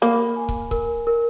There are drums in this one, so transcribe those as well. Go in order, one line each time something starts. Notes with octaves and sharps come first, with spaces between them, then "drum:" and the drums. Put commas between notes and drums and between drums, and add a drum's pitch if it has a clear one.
A#3 B5
G#5
drum: kick
A#4, drum: kick
A#4